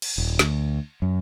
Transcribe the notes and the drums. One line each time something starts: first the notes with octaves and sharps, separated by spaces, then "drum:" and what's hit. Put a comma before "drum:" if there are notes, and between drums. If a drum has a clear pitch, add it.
drum: cymbal
D#1
D2, drum: snare
F#2